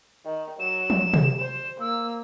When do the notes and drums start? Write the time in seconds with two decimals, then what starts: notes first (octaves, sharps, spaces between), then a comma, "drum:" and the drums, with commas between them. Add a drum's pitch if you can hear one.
0.26 D#3
0.60 F#3 E7
0.90 drum: tom F3
1.14 drum: tom C3
1.40 C5
1.81 A#3 E6